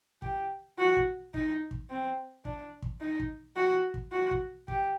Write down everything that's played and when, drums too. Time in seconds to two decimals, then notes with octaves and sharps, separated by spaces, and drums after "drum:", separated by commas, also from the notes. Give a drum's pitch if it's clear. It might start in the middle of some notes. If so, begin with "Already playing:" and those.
0.22 G4, drum: kick
0.79 F#4
0.97 drum: kick
1.34 D#4, drum: kick
1.71 drum: kick
1.90 C4
2.45 D4, drum: kick
2.82 drum: kick
3.01 D#4
3.20 drum: kick
3.56 F#4
3.94 drum: kick
4.12 F#4
4.31 drum: kick
4.68 G4, drum: kick